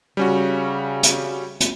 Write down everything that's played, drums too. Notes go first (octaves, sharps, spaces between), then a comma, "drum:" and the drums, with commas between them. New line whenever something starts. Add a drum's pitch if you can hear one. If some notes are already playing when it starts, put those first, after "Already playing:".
C#3 G3 C#4 F#4
drum: hi-hat
drum: hi-hat